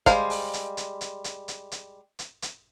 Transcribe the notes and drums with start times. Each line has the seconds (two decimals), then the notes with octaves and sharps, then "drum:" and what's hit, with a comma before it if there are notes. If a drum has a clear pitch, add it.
0.06 G3 G#3 C5 F5, drum: kick, hi-hat
0.30 drum: open hi-hat
0.54 drum: hi-hat
0.77 drum: hi-hat
1.01 drum: hi-hat
1.24 drum: hi-hat
1.48 drum: hi-hat
1.72 drum: hi-hat
2.19 drum: hi-hat
2.42 drum: hi-hat